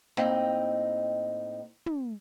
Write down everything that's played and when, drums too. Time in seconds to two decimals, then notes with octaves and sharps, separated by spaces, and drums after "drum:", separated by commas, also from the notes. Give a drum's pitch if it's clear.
0.17 A2 A#3 C4 D#4 D#5 G5, drum: snare
1.86 drum: tom